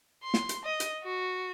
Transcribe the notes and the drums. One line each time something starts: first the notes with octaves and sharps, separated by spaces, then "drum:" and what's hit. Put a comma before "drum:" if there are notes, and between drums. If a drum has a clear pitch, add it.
C6
drum: snare
drum: hi-hat
D#5
drum: hi-hat
F#4